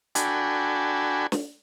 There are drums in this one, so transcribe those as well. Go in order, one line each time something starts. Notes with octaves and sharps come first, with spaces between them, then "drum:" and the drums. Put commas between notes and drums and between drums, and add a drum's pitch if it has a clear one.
D4 F#4 A4 G5 G#5 B5, drum: hi-hat
drum: snare